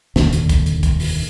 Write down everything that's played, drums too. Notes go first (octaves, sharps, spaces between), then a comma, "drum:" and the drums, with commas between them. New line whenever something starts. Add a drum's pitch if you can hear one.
F1 D#2 A#2 D3, drum: snare
drum: hi-hat
drum: kick C#2, hi-hat
drum: hi-hat
drum: kick C#2, hi-hat
drum: open hi-hat